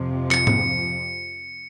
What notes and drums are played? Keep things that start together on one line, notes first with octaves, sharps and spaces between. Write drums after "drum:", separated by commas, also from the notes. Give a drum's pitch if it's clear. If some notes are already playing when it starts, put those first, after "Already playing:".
Already playing: F2 C3 F3
C#7, drum: clap
drum: tom